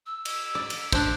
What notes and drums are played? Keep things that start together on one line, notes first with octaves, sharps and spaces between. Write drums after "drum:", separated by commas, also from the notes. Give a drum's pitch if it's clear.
E6
drum: cymbal
D5
drum: cymbal
D4 C5, drum: kick, cymbal